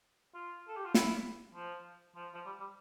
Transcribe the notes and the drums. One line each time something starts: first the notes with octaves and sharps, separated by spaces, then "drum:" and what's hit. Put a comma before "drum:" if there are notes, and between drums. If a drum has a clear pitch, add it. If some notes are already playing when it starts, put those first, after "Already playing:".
F4
A4
G4
F4
E4, drum: snare
F3
F3
F3
G3
G3